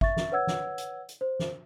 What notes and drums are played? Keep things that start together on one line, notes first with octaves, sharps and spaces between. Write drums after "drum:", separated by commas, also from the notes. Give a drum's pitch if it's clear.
E5 C#6 A6, drum: kick G1
drum: snare
B4 C#5 F#5 E6 G#6
drum: snare
drum: hi-hat
drum: hi-hat
C5
drum: snare